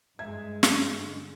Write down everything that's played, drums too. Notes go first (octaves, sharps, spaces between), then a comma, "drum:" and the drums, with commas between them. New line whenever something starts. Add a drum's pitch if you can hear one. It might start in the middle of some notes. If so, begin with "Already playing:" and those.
G2 G#3 E5 G#6
drum: snare
D3